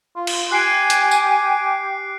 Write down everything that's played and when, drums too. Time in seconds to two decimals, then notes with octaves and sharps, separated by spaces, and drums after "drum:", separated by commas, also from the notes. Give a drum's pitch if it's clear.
0.16 F4
0.27 drum: cymbal
0.51 G4 G#5 F#6 C7 D7
0.90 drum: hi-hat
1.11 drum: tambourine